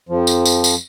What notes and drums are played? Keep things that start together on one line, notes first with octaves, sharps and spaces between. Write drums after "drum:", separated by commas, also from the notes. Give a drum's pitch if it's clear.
F2 F3
drum: tambourine
drum: tambourine
drum: tambourine